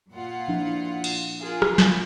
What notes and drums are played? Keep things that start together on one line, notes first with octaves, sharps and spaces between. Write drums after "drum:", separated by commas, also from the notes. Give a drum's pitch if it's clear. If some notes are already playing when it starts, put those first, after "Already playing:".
A#2 F4 F#5
F3 D4 E4
drum: cymbal
F4 G#4 A#4
drum: rim click
drum: snare